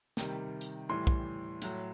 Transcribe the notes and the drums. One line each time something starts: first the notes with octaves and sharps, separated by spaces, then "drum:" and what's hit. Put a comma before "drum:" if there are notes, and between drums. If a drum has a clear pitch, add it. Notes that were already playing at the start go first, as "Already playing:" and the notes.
C3 D#3 G3, drum: snare
drum: hi-hat
A2 E3 G3 C6
drum: kick B1
A2 F#3, drum: hi-hat